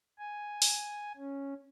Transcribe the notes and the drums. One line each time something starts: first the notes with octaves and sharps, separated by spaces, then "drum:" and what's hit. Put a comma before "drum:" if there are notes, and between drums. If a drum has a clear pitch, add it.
G#5
drum: open hi-hat
C#4